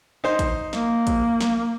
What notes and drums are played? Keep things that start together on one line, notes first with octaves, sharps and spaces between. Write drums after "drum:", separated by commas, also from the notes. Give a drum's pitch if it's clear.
D#4 C5
drum: kick, hi-hat
A#3, drum: snare
drum: kick, hi-hat
drum: snare